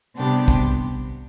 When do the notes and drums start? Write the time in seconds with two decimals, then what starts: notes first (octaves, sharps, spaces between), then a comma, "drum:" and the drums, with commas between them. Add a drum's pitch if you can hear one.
0.16 C3 G3 B3 D4 G4
0.48 drum: kick